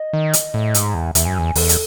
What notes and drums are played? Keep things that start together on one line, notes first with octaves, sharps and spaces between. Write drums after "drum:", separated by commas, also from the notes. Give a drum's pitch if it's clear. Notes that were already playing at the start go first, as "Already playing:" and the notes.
Already playing: D#5
D#3
drum: hi-hat
A2
G#2, drum: hi-hat
E2
E2 E5, drum: hi-hat
F#2 G#5
G#5
E2
G#5
E2 A4, drum: open hi-hat
drum: hi-hat